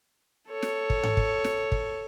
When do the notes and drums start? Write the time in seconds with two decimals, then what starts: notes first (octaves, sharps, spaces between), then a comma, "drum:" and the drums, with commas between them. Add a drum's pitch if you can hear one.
0.49 A4 C#5
0.62 drum: snare
0.90 drum: kick
1.03 drum: tom G#2
1.17 drum: kick
1.44 drum: snare
1.72 drum: kick